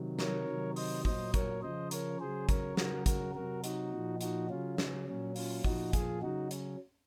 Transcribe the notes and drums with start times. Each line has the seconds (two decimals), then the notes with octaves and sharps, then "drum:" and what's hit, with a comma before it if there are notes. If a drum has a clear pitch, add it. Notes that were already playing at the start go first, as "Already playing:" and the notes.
Already playing: C3 D#3 F#3
0.19 A#4 C#5, drum: snare
0.48 C3 D#3 F#3
0.76 C5 D#5, drum: open hi-hat
1.05 A#2 F#3 C5 D#5, drum: kick
1.34 A#4 C#5, drum: kick, hi-hat
1.62 C#3 F3 C5 D#5
1.91 A#4 C#5, drum: hi-hat
2.20 C#3 F#3 G#4 C5
2.49 A#4 C#5, drum: kick, hi-hat
2.77 C#3 F#3 F#4 A#4, drum: snare
3.06 F#4 A#4, drum: kick, hi-hat
3.35 C3 F#3 F#4 A#4
3.64 D#4 F#4, drum: hi-hat
3.92 A#2 F3
4.21 D#4 F#4, drum: hi-hat
4.50 C#3 F#3 C#4 F4
4.78 C#4, drum: snare
5.07 A#2 F#3 C#4
5.36 C#4 F4, drum: open hi-hat
5.64 A#2 F3 D#4 F#4, drum: kick
5.93 F4 G#4, drum: kick, hi-hat
6.22 C#3 F#3 D#4 F#4
6.51 C#4, drum: hi-hat